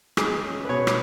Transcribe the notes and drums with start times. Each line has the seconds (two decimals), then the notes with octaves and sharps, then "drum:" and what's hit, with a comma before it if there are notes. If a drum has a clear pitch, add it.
0.17 G#3 G#4, drum: rim click
0.44 C#4
0.65 B4
0.69 B2 C#5
0.87 drum: rim click